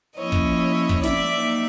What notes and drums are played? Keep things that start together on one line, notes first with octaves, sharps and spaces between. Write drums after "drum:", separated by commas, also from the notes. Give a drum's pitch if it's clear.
F3 A#3 C#4 E4 C#5 D#5
drum: kick
drum: kick
D5 E5, drum: snare
F#3 A#3 D#4